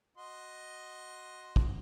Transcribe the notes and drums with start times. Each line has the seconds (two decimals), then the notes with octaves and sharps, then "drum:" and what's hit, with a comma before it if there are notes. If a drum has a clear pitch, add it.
0.18 F#4 D#5 C6
1.56 drum: kick